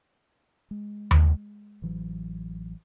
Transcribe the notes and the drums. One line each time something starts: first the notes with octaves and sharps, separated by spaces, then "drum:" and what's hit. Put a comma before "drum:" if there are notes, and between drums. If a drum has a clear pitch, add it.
G#3
drum: tom D#2
A1 E3 F#3